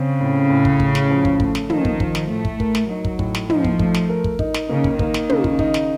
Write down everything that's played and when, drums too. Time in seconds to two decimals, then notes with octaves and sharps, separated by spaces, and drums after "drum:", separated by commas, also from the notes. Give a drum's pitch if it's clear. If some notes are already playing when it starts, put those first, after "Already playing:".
Already playing: C#3 C4
0.21 A2
0.50 A2
0.65 drum: kick
0.80 A2, drum: kick
0.95 drum: snare
1.10 F3
1.25 drum: kick
1.40 A3, drum: kick
1.55 drum: snare
1.70 D#3 F3, drum: tom
1.85 drum: kick
2.00 F3, drum: kick
2.15 drum: snare
2.30 A2 A3
2.45 drum: kick
2.60 A#4, drum: kick
2.75 drum: snare
2.89 F#3 D#4
3.05 drum: kick
3.19 A2, drum: kick
3.35 drum: snare
3.50 F3 D#4, drum: tom
3.64 drum: kick
3.79 A3, drum: kick
3.94 drum: snare
4.09 A#4
4.24 drum: kick
4.39 D#4, drum: kick
4.54 drum: snare
4.69 C#3 A#3
4.84 drum: kick
4.99 D#3 A#3, drum: kick
5.14 drum: snare
5.29 C#3, drum: tom
5.44 drum: kick
5.59 D#4, drum: kick
5.74 drum: snare